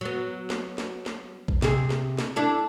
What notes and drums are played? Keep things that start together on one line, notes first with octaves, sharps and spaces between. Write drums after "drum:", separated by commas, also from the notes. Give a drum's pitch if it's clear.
F#3 B3
drum: snare
drum: snare
drum: snare
drum: kick A#1
C3 G#4, drum: snare
drum: snare
drum: snare
D4 E4 A4